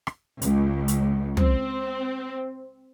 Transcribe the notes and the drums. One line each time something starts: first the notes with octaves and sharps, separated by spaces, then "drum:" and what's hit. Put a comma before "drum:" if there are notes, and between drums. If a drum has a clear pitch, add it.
drum: rim click
C#2, drum: hi-hat
drum: hi-hat
C4, drum: tom